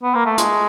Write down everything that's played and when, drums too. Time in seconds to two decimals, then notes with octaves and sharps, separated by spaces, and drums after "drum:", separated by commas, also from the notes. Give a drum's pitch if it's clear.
0.03 B3
0.15 A#3
0.26 A3
0.38 G#3, drum: hi-hat